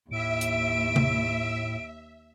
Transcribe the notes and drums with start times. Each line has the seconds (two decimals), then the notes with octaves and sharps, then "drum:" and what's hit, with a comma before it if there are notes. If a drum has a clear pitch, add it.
0.11 D#2 A2 E5 D7
0.41 drum: hi-hat
0.96 drum: tom C3